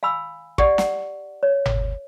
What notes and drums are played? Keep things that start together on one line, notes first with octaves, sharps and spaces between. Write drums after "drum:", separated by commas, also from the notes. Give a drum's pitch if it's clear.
F5 G#5 B5 E6
G4 D5 F#5, drum: kick
F#5, drum: snare
C#5
drum: tom G1